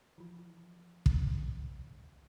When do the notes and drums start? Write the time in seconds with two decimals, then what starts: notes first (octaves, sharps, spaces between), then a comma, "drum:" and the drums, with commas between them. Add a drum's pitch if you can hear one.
0.18 E3 F3
1.06 drum: kick